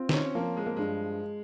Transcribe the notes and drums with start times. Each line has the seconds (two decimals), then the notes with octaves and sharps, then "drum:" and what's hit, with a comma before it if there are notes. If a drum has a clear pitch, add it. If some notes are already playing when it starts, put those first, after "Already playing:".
Already playing: C4 F4
0.09 D#4, drum: snare
0.14 C#4
0.35 F3 A#3
0.57 G#3
0.66 A#3
0.76 G2 G#3